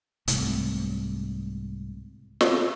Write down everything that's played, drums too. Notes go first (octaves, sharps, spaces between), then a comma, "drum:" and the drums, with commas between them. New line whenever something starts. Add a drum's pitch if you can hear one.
C2 G#2 C3 A3, drum: hi-hat
drum: snare